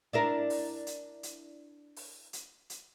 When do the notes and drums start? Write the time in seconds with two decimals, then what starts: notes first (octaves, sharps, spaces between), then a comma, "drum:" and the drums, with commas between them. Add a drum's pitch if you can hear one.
0.13 D4 E4 A#4
0.50 drum: open hi-hat
0.87 drum: hi-hat
1.23 drum: hi-hat
1.96 drum: open hi-hat
2.33 drum: hi-hat
2.70 drum: hi-hat